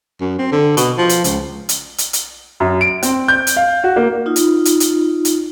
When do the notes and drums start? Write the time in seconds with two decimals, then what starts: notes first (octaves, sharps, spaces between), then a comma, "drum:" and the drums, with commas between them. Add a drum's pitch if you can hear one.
0.21 F#2
0.39 C4
0.52 D3
0.77 B2, drum: hi-hat
0.98 F3
1.09 drum: hi-hat
1.24 C#2, drum: hi-hat
1.69 drum: hi-hat
1.98 drum: hi-hat
2.13 drum: hi-hat
2.60 F#2
2.81 D7
3.03 C4, drum: hi-hat
3.28 G6
3.47 drum: hi-hat
3.56 F5
3.84 F#4
3.96 A#3
4.26 D#4 F4
4.36 drum: hi-hat
4.65 drum: hi-hat
4.80 drum: hi-hat
5.25 drum: hi-hat